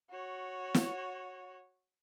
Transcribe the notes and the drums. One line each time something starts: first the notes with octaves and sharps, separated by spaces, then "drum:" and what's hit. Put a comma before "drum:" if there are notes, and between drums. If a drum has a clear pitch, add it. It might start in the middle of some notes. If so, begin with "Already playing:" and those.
F#4 C#5
drum: snare